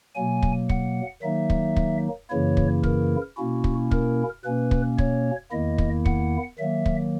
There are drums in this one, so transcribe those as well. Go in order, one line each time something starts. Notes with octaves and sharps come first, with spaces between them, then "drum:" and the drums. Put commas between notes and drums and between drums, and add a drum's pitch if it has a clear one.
B2 F#3 A#3 G#5
drum: kick
F#5, drum: kick
D#3 F#3 A#3 D#4 E5
drum: kick
drum: kick
F#2 C#3 E3 A#3 E4 C#5
drum: kick
A#4, drum: kick
B2 A#3 C#4 E4 F#4
drum: kick
A#4, drum: kick
B2 A#3 C#4 B4
drum: kick
C#5, drum: kick
E2 D#3 A#3 E4 D#5
drum: kick
F#5, drum: kick
D#3 F#3 A#3 E5
drum: kick